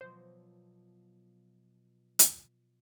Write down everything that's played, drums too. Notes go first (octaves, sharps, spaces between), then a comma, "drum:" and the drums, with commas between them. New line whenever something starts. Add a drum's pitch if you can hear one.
B2 F3 F#3 C5
drum: hi-hat